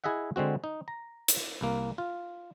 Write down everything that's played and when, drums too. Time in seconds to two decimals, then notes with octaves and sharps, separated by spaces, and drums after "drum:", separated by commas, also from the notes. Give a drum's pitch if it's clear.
0.04 E4 G#4 D#5 E5 F#5
0.36 D3 G#3 C4 F#4
0.64 D#4
0.88 A#5
1.28 drum: hi-hat
1.61 C2 A#3
1.98 F4